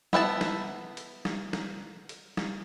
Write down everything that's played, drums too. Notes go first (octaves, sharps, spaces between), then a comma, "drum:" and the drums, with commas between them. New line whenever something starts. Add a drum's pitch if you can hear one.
B3 E4 G5 A5, drum: snare
drum: snare
drum: hi-hat
drum: snare
drum: snare
drum: hi-hat
drum: snare